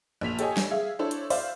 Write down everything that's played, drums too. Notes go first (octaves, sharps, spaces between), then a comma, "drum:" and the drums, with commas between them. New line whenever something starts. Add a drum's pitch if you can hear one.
A#1 A#2 B6 F7
G4 A4 C#5 D#5 G#5, drum: hi-hat
drum: snare
G#4 E5 F5
D4 E4 A4 C5 C#5
drum: hi-hat
C5 D5 E5 F5, drum: open hi-hat